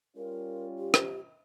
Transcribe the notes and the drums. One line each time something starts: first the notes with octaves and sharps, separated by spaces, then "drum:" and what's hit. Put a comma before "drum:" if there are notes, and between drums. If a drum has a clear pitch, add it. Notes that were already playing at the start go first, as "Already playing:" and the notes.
G3 C#4 F4 A#4
G4
drum: rim click